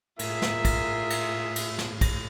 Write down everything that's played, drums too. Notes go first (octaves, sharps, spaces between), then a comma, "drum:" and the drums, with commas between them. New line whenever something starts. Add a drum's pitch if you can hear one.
A2 F4 G#4 A#4 E5, drum: cymbal
drum: snare
drum: kick, cymbal
drum: cymbal
drum: cymbal
drum: snare
drum: kick, cymbal